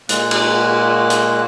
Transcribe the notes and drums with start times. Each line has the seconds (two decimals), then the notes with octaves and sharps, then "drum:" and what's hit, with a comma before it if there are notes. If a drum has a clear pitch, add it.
0.09 A#2 G#3 A#3 F#6, drum: hi-hat
0.31 drum: cymbal
1.10 drum: hi-hat